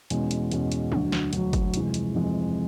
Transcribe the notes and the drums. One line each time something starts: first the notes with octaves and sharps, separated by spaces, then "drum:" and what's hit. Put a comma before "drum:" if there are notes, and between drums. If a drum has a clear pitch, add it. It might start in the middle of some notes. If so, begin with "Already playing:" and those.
E2 B2 G#3 C#4, drum: hi-hat
drum: hi-hat
E2 B2 G#3 C#4, drum: hi-hat
drum: hi-hat
D2 D3 F#3, drum: tom
drum: snare
D2 D3 F#3, drum: hi-hat
drum: kick G1, hi-hat
F2 C3 E3 G#3, drum: hi-hat
drum: hi-hat
F2 C3 E3 G#3